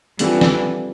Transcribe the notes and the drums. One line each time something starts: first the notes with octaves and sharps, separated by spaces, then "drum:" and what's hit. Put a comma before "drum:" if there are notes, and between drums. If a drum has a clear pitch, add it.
D3 E3 G3 C4 F4, drum: hi-hat
drum: snare